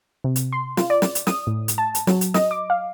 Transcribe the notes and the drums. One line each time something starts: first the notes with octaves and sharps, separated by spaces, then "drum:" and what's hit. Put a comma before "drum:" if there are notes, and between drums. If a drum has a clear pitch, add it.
C3
drum: hi-hat
C6
F4, drum: snare
D5
drum: snare
drum: hi-hat
D#6, drum: snare
A2
drum: hi-hat
A5
drum: hi-hat
F#3, drum: snare
drum: hi-hat
D#5, drum: snare
D6
F5